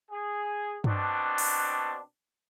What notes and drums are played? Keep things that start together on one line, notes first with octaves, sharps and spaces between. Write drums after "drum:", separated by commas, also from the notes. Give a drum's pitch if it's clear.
G#4
B2 C4 D4, drum: tom G2
drum: open hi-hat